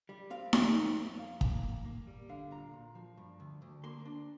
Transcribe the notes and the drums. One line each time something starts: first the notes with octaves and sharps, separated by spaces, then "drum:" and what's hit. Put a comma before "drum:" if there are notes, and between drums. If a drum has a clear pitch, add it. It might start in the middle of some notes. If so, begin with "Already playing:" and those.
G3
C4 F5
D2, drum: snare D#4
F2
F2
A#3 F5
A#3, drum: kick
A#3
A#3
G3
D3 F5
A#2 A#5
A#2
F3
G2
D2
D2
A#3 C6
D4